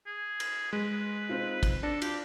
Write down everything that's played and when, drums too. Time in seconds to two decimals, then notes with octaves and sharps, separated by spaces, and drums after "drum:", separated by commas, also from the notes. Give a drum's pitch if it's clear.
0.07 G#4
0.40 drum: cymbal
0.73 G#3 B4
1.29 C4 D#4 F4
1.63 drum: kick, cymbal
1.83 D4 A4 A#6
2.02 F4 G4, drum: cymbal